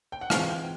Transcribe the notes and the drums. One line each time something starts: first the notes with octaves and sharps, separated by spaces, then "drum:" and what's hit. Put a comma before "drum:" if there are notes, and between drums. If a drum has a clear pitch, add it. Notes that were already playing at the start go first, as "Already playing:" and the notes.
G5
F#5
E3 G#3 C4 F4 F5, drum: rim click
G5